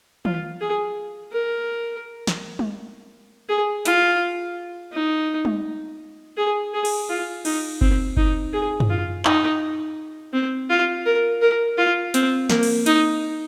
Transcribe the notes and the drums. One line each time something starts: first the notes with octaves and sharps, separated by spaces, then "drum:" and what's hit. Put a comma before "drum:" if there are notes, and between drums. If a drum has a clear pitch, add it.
F4, drum: tom
G#4
A#4
drum: snare
drum: tom G3
G#4
F4, drum: hi-hat
D#4
drum: tom G3
G#4
G#4
drum: cymbal
F4
D#4, drum: cymbal
C4, drum: kick F#1
D#4, drum: kick F#1
G#4
drum: tom
F4
D#4, drum: clap
C4
F4
A#4
A#4
F4
C4, drum: hi-hat
A#3, drum: snare
drum: cymbal
D#4, drum: hi-hat